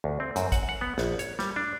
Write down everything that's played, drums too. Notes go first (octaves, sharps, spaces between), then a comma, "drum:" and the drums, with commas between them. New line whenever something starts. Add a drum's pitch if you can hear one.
D2
C4
F#2, drum: hi-hat
F#5, drum: kick, hi-hat
F#5
B3
A#1, drum: snare
C#5, drum: hi-hat
G3, drum: snare
D4